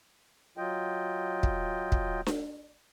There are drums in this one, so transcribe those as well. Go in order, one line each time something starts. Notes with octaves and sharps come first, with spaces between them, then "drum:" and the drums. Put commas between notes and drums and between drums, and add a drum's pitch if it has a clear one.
F#3 F4 D#5 G5
drum: kick
drum: kick
drum: snare D4